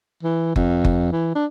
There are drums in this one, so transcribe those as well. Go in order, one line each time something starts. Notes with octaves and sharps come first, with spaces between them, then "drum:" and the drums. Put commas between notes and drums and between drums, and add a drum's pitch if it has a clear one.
E3
F2, drum: kick F#1
drum: kick F#1
E3
D4